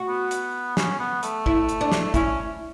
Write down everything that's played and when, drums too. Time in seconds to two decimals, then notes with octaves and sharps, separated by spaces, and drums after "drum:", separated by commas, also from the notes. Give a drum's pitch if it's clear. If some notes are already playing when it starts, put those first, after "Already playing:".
Already playing: F#4
0.08 B3
0.31 drum: hi-hat
0.77 C#4, drum: snare
1.00 B3
1.23 A3, drum: hi-hat
1.46 E4, drum: kick
1.69 drum: hi-hat
1.81 D4
1.92 drum: snare
2.14 C#4 E4, drum: kick, hi-hat